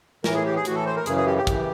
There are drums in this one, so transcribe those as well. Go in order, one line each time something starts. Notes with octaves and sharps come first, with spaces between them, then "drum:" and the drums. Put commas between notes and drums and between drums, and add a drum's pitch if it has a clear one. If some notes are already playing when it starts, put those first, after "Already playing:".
A2 E3 A#4, drum: snare
G#4
G4
G#4
A2 E3 F#4, drum: hi-hat
A4
C5
A#4
F#2 C#3 E3 G#4, drum: hi-hat
G#4
G4
G4
F#2 C#3 E3, drum: kick, hi-hat